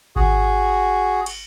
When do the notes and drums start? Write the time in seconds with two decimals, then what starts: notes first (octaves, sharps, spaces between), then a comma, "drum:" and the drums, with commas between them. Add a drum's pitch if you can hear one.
0.16 F#4 G#4, drum: kick G#1
1.26 drum: cymbal